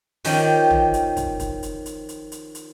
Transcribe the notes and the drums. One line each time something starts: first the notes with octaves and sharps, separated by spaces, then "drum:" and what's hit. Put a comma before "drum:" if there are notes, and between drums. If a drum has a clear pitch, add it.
D#3 F3 C#4 G4 G5, drum: open hi-hat
drum: tom
drum: hi-hat
drum: kick, hi-hat
drum: kick, hi-hat
drum: hi-hat
drum: hi-hat
drum: hi-hat
drum: hi-hat
drum: hi-hat